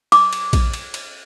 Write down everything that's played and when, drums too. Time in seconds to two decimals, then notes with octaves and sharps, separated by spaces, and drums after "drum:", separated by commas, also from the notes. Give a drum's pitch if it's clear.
0.12 D6, drum: cymbal
0.33 drum: cymbal
0.53 drum: kick A#1, cymbal
0.73 drum: cymbal
0.94 drum: cymbal